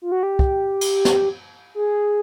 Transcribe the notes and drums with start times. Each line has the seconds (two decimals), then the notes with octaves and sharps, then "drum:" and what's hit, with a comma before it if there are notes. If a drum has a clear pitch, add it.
0.02 F4
0.12 F#4
0.23 G4
0.39 drum: kick
0.81 drum: cymbal
1.05 drum: snare
1.75 G#4